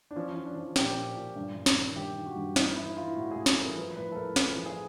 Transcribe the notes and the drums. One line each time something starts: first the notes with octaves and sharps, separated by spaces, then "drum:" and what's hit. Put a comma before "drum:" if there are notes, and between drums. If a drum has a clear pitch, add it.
D4
F3 C#4
F3
D4
F3
A#2 G4, drum: snare
A#2
A#2
G2
G2
drum: snare
D#3
G2 G4
D#3
F#4
G2
E3 D#4, drum: snare
E3 E4
E3 F4
A2 F#4
G#4
A2
A4, drum: snare
E3 A#4
F3 B4
A2 B4
A4
A2 A#4
F3 G#4, drum: snare
F3
G#4